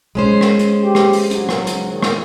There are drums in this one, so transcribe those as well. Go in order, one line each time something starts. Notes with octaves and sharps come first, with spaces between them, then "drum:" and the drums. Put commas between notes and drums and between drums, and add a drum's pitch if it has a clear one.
G#3 C#4 C5
drum: rim click
drum: hi-hat
G4
drum: rim click
drum: open hi-hat
C#2 G#2 F#3, drum: hi-hat
drum: rim click
drum: hi-hat
A#2 D#3
drum: rim click